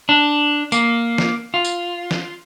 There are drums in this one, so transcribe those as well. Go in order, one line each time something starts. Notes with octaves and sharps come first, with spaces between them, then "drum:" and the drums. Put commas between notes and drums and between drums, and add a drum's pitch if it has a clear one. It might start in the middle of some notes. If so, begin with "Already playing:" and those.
D4
A#3, drum: tambourine
drum: snare
F4
drum: tambourine
drum: snare